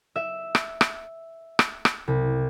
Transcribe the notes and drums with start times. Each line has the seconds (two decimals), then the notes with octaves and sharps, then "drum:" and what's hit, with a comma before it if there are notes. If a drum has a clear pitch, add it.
0.16 E5
0.55 drum: rim click
0.81 drum: rim click
1.59 drum: rim click
1.85 drum: rim click
2.08 C2